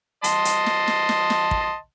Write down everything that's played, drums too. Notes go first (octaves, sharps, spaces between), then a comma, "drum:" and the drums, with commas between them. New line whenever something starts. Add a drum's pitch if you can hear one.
D#5 A5 C6, drum: hi-hat
drum: hi-hat
drum: snare
drum: snare
drum: snare
drum: snare
drum: kick